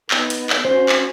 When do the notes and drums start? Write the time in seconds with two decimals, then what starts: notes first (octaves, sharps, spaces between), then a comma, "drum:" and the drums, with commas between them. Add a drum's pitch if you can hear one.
0.11 B3 D#4, drum: clap
0.30 drum: hi-hat
0.50 drum: clap
0.65 C#4 F#4 C5
0.89 drum: clap